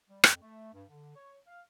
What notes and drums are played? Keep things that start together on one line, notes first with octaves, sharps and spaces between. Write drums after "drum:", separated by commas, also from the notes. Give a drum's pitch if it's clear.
G3
F2, drum: rim click
A3
G2
D3
C#5
F5